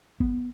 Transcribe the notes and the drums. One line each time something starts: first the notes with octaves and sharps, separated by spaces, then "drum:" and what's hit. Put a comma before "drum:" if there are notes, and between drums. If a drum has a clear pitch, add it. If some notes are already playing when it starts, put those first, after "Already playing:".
B3, drum: kick